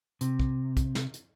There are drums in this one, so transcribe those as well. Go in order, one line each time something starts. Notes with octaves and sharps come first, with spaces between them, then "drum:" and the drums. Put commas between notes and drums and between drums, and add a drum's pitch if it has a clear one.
C3, drum: hi-hat
drum: kick
drum: kick, hi-hat
drum: snare
drum: hi-hat